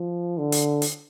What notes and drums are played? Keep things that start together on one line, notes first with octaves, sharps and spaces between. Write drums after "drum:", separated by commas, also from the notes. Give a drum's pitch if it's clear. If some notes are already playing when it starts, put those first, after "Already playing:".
Already playing: F3
D3
drum: hi-hat
drum: hi-hat